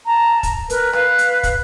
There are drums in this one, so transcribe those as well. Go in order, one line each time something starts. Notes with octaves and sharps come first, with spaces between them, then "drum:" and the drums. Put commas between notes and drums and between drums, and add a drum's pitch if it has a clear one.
A5 A#5
drum: kick, hi-hat
A#4 B4, drum: hi-hat
B4 F5 F#6, drum: rim click
drum: hi-hat
drum: kick, hi-hat